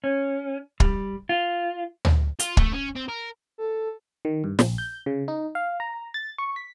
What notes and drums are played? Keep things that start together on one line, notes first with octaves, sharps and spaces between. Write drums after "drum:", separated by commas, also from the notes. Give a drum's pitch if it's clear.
C#4
G3, drum: kick
F4
drum: tom
F4, drum: hi-hat
A3, drum: kick
C#4
C4
A#4
A4
D#3
G2
A#1, drum: snare
G6
C#3
D#4
F5
A#5
A6
C#6
B6